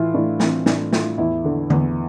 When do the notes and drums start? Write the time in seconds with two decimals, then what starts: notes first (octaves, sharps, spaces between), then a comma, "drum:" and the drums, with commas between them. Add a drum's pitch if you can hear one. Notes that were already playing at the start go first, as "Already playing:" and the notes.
Already playing: A2 E3 E4 F4
0.14 A2 D4
0.40 E3 C4, drum: snare
0.66 A2 D4, drum: snare
0.93 A2 F4, drum: snare
1.18 E2 E4
1.44 D3
1.70 E2, drum: tom D3